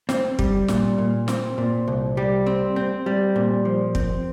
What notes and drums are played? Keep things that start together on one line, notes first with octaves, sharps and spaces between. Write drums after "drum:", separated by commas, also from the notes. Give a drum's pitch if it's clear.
C4, drum: snare
G3, drum: kick
A#2, drum: snare
A#2
C4, drum: snare
A#2
C2
G3
C4
C4
G3
A#2
F3
C4, drum: kick